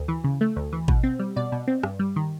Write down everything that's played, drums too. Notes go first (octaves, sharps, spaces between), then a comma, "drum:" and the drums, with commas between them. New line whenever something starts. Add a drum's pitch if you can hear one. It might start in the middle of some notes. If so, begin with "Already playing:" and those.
Already playing: D2
E3
C#3
A3
D2
E3
B2, drum: kick G#1
C4
G3
B2 D5
B2
C4
G2, drum: rim click
G3
D#3